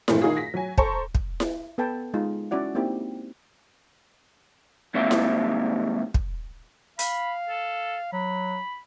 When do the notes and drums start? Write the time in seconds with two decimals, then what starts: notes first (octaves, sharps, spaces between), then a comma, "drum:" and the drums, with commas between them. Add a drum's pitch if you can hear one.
0.08 G2 A#2 E3 F3 A3 C4, drum: snare E4
0.22 D#3 D#4 F4 F#4 G#4
0.37 A#6 B6
0.54 F#3 G#5
0.78 A4 C5 A5 A#5 C#6, drum: kick
1.15 drum: kick
1.40 drum: snare E4
1.78 B3 A4 B4 G5 A5
2.14 G#3 D#4 F4
2.51 C#4 E4 F#4 D5 F#5
2.75 A#3 C4 D#4 E4 G4
4.94 G#2 D#3 G3 A#3 C4 E5
5.11 drum: snare E4
6.14 drum: kick
6.99 F5 B5, drum: hi-hat
7.49 A4
8.13 F#3 B5